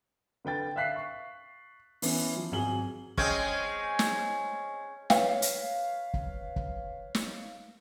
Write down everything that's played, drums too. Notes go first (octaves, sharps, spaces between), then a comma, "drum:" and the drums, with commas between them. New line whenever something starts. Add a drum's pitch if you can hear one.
D3 B4 G5 A6
E5 F5 F#6 B6 C7
C#6
E3 B3 C#4, drum: open hi-hat
F3
G#1 F#3 G#4 G#5 F#7 G7
G#3 C4 C#4 G5, drum: kick
drum: snare
B4 C#5 F5, drum: snare
drum: hi-hat
drum: kick
drum: kick
drum: snare